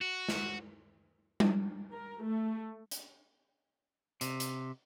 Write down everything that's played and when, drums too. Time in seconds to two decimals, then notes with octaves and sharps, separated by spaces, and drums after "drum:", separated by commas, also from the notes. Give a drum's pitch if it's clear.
0.01 F#4
0.29 drum: snare
1.40 drum: tom G3
1.93 A#4
2.21 A3
2.91 drum: hi-hat
4.21 C3, drum: hi-hat
4.40 drum: hi-hat